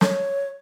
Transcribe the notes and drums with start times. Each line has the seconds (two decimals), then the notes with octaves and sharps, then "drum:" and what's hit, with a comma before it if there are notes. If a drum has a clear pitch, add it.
0.01 C#5, drum: snare